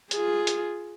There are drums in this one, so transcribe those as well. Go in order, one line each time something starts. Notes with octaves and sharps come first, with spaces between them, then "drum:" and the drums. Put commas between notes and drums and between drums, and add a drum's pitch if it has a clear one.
F4 G#4, drum: hi-hat
drum: hi-hat